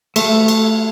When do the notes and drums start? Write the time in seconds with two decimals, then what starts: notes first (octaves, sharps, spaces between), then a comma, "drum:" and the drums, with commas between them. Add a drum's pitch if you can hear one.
0.16 A3, drum: cymbal
0.48 drum: cymbal